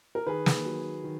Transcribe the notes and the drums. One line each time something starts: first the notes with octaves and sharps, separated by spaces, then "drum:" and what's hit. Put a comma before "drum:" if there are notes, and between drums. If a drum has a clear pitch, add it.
A#4
D#3 G#4 B4
drum: snare
F#3
D#3